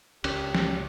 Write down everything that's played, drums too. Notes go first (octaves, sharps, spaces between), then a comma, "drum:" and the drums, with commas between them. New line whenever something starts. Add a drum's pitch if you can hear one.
C#2 C#4 G4, drum: cymbal
drum: snare